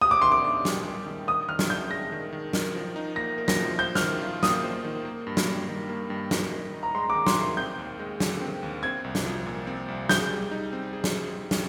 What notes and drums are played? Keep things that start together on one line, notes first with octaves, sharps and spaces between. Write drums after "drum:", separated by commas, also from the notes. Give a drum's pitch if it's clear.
G4 D#6
D6
D#3 C6
D6
D4
G3, drum: snare
G4
D#3
D#3 D#6
D#3 F6
drum: snare
D4 G6
G#3 A#6
D#3
D#3
A#4, drum: snare
F3
D#4
A#3 A#6
A#4
A#6, drum: snare
F3
C5 G6
F6, drum: snare
D#3
F4
A#3 D#6, drum: snare
C5
D#3
A#3
G2
drum: snare
G3
D#3
A#3
G2
D#3, drum: snare
D#3
D#4
A#5
G#3 C6
D6
D#3
C6, drum: snare
D#3
C6
C4 G6
D#2
G#3
D3, drum: snare
C4
D#2
C4 G#6
C2
drum: snare
F3
A#2
C4
C2
G#4 G6, drum: snare
G3
D#4
C4
G#4
drum: snare
drum: snare